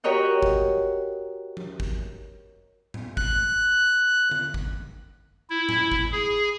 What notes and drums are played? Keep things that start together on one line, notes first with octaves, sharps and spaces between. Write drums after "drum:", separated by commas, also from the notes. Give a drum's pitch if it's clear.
F#4 G4 A#4 C#5 D#5 F#5
drum: kick
drum: tom F3
drum: kick
drum: tom A2
F#6, drum: kick
drum: tom D3
drum: kick
E4
drum: tom A2
drum: kick
G#4